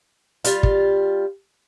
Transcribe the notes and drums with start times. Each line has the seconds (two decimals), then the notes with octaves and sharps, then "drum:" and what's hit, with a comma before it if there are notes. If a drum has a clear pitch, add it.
0.44 G3 F4, drum: hi-hat
0.63 drum: kick